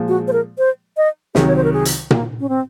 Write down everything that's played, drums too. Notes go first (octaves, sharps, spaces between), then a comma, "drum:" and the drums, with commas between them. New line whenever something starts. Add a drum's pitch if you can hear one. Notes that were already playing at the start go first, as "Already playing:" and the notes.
Already playing: A#2 F3 G#3
F#4
C5
A#4
C5
D#5
C2 C3 D#3 F#3 G#4, drum: snare
C#5
C5
A#4
G#4
drum: hi-hat
A#3, drum: tom A#2
C#4
C4